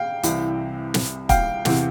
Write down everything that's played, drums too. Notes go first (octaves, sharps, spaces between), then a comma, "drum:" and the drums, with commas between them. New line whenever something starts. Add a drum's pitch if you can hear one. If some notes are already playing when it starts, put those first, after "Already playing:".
Already playing: F5 G5
C2 C3 E3, drum: hi-hat
drum: snare
F5 G5, drum: kick, hi-hat
E2 C3 E3, drum: snare